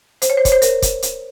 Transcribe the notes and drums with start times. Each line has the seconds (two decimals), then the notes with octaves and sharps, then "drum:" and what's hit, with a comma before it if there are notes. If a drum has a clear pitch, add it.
0.22 C5, drum: hi-hat
0.30 C#5
0.37 C5
0.45 C#5, drum: kick, hi-hat
0.52 C5
0.62 A#4, drum: hi-hat
0.82 drum: kick, hi-hat
1.02 drum: hi-hat